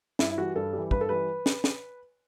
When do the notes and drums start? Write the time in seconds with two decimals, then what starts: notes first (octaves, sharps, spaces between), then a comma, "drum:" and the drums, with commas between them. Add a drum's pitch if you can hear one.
0.19 G2 E4, drum: snare
0.30 E4
0.38 E3 G3 F#4
0.56 G2 A4
0.73 E3 G3
0.91 G2 B4, drum: kick
1.01 A4
1.09 E3 G3 B4
1.46 drum: snare
1.64 drum: snare